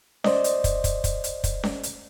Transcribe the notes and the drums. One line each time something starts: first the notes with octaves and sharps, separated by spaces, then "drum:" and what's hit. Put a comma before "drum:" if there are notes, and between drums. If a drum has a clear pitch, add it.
C5 D5 D#5, drum: snare C#4
drum: hi-hat
drum: kick, hi-hat
drum: kick, hi-hat
drum: kick, hi-hat
drum: hi-hat
drum: kick, hi-hat
drum: snare C#4
drum: hi-hat